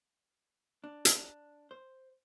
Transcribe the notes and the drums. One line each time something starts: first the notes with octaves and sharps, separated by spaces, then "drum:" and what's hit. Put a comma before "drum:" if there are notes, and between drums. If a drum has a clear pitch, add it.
D4
drum: hi-hat
C5